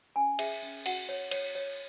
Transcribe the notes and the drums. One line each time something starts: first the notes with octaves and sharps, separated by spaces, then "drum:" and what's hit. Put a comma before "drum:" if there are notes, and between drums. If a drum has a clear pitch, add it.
C#4 G#5
G#4 E5, drum: cymbal
C#4
F#4 F#5, drum: cymbal
C#5
C#5, drum: cymbal
C#5